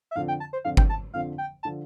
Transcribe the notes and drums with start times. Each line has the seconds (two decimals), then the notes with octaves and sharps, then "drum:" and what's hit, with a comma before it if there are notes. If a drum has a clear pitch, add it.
0.11 E5
0.16 F2 D3 F3 F5
0.28 G5
0.40 A5
0.53 C5
0.65 F2 D3 F3 F5
0.77 G5, drum: kick G1
0.89 A5
1.13 F2 D3 F3 F5
1.38 G5
1.63 D3 F3 A5